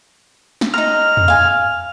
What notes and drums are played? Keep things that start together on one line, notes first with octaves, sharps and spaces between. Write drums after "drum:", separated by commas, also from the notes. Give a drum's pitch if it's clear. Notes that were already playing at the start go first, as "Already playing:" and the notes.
drum: snare
D#4 A#5 F6
drum: tom E2
F5 G#5